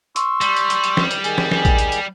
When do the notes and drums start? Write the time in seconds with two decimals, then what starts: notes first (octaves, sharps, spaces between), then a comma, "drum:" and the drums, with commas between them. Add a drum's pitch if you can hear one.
0.16 C6 C#6 E6, drum: hi-hat
0.41 G3, drum: hi-hat
0.56 drum: hi-hat
0.70 drum: hi-hat
0.84 drum: hi-hat
0.97 drum: snare
1.11 drum: hi-hat
1.24 D#3 G#4 G#5, drum: hi-hat
1.38 drum: snare
1.51 drum: snare
1.65 drum: kick A1, hi-hat
1.78 drum: hi-hat
1.92 drum: hi-hat